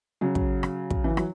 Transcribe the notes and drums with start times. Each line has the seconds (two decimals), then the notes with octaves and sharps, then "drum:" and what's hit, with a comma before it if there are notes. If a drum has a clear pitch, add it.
0.21 C#3 F#3
0.35 drum: kick
0.63 drum: rim click
0.90 drum: kick
1.04 E3
1.17 F#3, drum: rim click